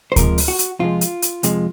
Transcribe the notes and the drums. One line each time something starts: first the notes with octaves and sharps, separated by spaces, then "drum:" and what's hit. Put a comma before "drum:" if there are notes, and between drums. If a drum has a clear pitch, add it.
C5
F2 C3 F3 G#3 A#4, drum: kick D2, hi-hat
drum: open hi-hat
F#4
drum: hi-hat
F2 C3 F3 G#3 F4
drum: hi-hat
drum: hi-hat
F2 C3 F3 G#3, drum: hi-hat